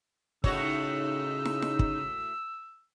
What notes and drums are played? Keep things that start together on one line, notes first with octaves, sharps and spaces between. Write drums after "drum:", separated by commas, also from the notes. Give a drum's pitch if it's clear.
A2 C#3 D#4 F#4 C#5 E6, drum: kick
drum: snare
drum: snare
drum: kick